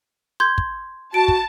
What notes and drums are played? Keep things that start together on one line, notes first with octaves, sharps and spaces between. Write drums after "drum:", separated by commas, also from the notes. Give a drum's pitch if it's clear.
C6 G6 G#6
drum: kick
F#4 A5 D7
drum: kick